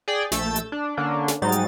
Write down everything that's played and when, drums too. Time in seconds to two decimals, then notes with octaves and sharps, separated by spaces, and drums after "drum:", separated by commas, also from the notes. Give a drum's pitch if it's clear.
0.08 G#4 D5 G5
0.32 A#1 A3 E6 G6 A6, drum: snare
0.56 drum: hi-hat
0.72 D4
0.97 D3 A#3 C#4 D4
1.28 drum: snare
1.42 G#2 F#3 G3 D#4 A6
1.52 drum: hi-hat